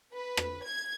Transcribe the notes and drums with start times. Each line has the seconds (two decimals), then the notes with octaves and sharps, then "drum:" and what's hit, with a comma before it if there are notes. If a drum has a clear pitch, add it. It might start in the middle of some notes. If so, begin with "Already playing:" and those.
0.14 B4
0.37 drum: rim click
0.65 G#6